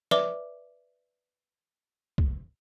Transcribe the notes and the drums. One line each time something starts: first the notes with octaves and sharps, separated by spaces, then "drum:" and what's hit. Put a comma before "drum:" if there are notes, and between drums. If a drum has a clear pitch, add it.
B4 D5 E5 D6, drum: snare
drum: kick C2